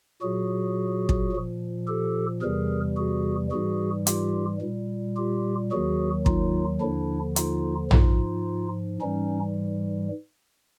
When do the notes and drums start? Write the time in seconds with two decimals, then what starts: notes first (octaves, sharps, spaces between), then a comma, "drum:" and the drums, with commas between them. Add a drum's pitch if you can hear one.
0.22 A#2 F#3 F#4 G#4
1.09 drum: kick
1.32 A#2 F3
1.87 G4 A4
2.41 E2 C3 E3 G3 G#4 A#4
2.97 F#4 G#4
3.51 G#2 E3 G3 F#4 G#4
4.07 F4 G4, drum: hi-hat
4.61 A#2 G3
5.16 F4 G4
5.71 D#2 D#3 F#3 F#4 G#4
6.26 D#4 F4, drum: kick
6.81 D#2 D3 F3 D4 E4
7.36 D#4 F4, drum: hi-hat
7.91 G#2 F3 D#4 F4, drum: tom A#1
9.01 G#2 E3 G3 C#4 D#4